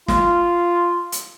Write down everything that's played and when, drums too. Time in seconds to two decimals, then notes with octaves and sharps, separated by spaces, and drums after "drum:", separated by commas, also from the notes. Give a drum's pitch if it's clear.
0.08 F4, drum: snare
1.12 drum: hi-hat